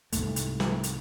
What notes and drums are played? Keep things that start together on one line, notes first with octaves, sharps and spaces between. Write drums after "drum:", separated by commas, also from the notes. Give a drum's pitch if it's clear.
C2 F2 G#2 A3, drum: hi-hat
drum: hi-hat
drum: snare
drum: hi-hat